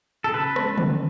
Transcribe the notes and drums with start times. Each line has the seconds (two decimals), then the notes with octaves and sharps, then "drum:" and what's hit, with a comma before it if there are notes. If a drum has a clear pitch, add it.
0.24 A4
0.34 C#3 B4
0.56 F3 G#3 C#4, drum: rim click
0.78 C#3, drum: tom D3